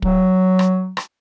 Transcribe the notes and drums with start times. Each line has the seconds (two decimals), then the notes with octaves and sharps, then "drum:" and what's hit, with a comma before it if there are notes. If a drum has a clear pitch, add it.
0.02 F#3, drum: kick
0.59 drum: rim click
0.97 drum: rim click